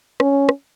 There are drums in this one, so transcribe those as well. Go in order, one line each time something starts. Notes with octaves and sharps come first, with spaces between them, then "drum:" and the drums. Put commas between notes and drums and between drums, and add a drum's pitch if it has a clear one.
C#4, drum: rim click
drum: rim click